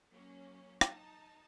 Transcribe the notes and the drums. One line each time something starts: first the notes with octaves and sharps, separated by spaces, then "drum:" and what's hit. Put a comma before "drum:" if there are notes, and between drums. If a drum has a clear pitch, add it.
F#3 A#3 C#4
D#4 A5, drum: rim click